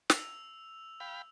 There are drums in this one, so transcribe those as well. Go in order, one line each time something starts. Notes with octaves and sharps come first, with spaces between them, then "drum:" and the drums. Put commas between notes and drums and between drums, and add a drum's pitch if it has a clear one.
E6 F7, drum: snare
F5 G5 B5